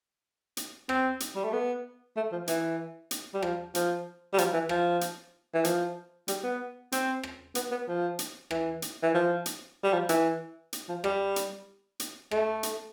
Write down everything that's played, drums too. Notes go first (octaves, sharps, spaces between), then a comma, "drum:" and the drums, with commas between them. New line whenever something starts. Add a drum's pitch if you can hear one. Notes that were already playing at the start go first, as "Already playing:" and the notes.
drum: hi-hat
C4, drum: rim click
drum: hi-hat
G3
A3
B3
A3
F3
E3, drum: hi-hat
drum: hi-hat
G3
F3, drum: rim click
F3, drum: hi-hat
G3
F3, drum: hi-hat
E3
F3, drum: rim click
drum: hi-hat
E3
F3, drum: hi-hat
G3, drum: hi-hat
B3
C4, drum: hi-hat
drum: rim click
B3, drum: hi-hat
B3
F3
drum: hi-hat
E3, drum: rim click
drum: hi-hat
E3
F3
drum: hi-hat
G3
F3
E3, drum: hi-hat
drum: hi-hat
F3
G3, drum: rim click
drum: hi-hat
drum: hi-hat
A3, drum: rim click
drum: hi-hat